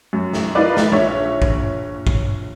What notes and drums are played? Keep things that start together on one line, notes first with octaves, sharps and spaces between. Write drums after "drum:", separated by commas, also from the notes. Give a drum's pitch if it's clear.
F#2
drum: snare
D#4 F4 A#4 B4 D5
drum: snare
A#1 C#5 E5
drum: kick
drum: kick